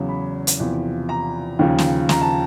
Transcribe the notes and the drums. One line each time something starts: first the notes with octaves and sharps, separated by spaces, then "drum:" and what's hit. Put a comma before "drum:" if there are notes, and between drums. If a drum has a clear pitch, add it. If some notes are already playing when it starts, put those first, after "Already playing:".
Already playing: E2 C#3 F#3
B5
drum: hi-hat
E2 C3 F3
A#5
D#2 C#3 F3
drum: snare
A#5, drum: snare
A5